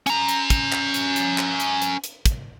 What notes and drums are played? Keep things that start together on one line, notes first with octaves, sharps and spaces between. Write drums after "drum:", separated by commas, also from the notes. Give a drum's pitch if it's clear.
C#4 A#5, drum: hi-hat
drum: hi-hat
drum: kick, hi-hat
drum: clap
drum: hi-hat
drum: hi-hat
drum: clap
drum: hi-hat
drum: hi-hat
drum: hi-hat
drum: kick, hi-hat